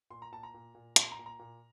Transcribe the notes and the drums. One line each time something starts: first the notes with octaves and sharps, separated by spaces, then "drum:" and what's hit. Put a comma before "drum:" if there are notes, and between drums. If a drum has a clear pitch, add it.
A#2 C6
A#5
A#2 A5
A#5
A#2
A#2
A#2 C6, drum: hi-hat
A#5
A#2
A#5
A#2